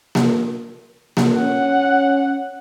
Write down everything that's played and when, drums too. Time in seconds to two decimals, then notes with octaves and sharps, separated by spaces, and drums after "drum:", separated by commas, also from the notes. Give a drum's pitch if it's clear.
0.15 drum: snare A#3
1.17 drum: snare A#3
1.38 C#4 F#5